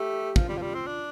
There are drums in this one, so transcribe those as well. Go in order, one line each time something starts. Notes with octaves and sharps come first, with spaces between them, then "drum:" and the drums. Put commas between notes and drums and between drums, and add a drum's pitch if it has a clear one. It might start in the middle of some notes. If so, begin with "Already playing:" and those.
Already playing: A3 G4
F3 F4, drum: kick
G3
F3
G3
C4
D4